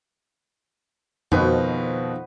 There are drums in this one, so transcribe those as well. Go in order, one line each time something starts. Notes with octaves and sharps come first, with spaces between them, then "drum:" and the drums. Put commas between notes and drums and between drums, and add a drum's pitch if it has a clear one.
F2 B2 D#3 F#4 B4 C5, drum: tom F2